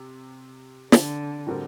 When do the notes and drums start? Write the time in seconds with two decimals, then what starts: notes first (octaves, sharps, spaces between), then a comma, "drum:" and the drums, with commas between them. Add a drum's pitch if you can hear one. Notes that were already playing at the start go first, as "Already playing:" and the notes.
Already playing: C3
0.92 D3, drum: snare
1.46 A2 G3 C4 F#4 A#4